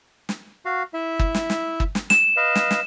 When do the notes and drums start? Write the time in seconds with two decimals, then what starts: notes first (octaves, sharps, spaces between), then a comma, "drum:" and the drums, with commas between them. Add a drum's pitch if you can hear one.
0.29 drum: snare
0.65 F#4 F5
0.94 E4 E5
1.19 drum: kick
1.35 drum: snare
1.50 drum: snare
1.80 drum: kick
1.95 drum: snare
2.10 E7, drum: snare
2.37 B4 D#5 F5
2.55 drum: snare
2.71 drum: snare